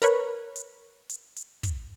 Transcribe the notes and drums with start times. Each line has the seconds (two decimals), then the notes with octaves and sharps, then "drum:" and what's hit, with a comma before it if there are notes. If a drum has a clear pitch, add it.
0.02 A#4 B4 C#5, drum: hi-hat
0.56 drum: hi-hat
1.09 drum: hi-hat
1.36 drum: hi-hat
1.63 drum: kick, hi-hat